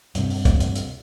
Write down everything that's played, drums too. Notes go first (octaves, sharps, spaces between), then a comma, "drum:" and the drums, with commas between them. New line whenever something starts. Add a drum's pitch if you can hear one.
G2 C3, drum: hi-hat
drum: open hi-hat
drum: kick, hi-hat
drum: hi-hat
drum: hi-hat